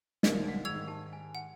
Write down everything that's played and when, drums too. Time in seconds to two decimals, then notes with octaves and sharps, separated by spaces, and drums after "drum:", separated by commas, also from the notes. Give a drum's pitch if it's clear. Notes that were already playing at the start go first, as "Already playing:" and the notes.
0.23 D#1 B1 D3 A#4 D5 D#5, drum: snare
0.48 F5 F#5
0.65 G#2 D#3 G#4 F#5 E6 G#6 F7
0.87 G4 A5
1.13 G#5
1.35 F#5